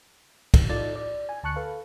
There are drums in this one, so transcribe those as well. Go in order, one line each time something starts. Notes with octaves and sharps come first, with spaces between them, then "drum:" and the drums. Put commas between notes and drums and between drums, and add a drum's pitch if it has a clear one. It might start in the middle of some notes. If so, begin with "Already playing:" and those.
B1, drum: kick, cymbal
D#4 F4 A4 D5 A6
D5
G#5
D2 A5 C#6 F#6 C#7
A4 B4 F5